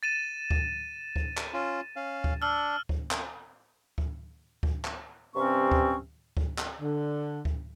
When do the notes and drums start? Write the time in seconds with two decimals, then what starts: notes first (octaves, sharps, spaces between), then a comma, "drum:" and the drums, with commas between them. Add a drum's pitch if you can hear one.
0.03 A6 D#7 E7
0.51 drum: kick D2
1.16 drum: kick D2
1.37 drum: clap
1.53 C#4 F4
1.96 C#4 F5
2.24 drum: kick D2
2.42 D4 E6 F6
2.89 drum: kick D2
3.11 drum: clap
3.98 drum: kick D2
4.63 drum: kick D2
4.85 drum: clap
5.35 G2 C3 C4 C#4 C#6
5.72 drum: kick D2
6.37 drum: kick D2
6.58 drum: clap
6.80 D3
7.45 drum: kick D2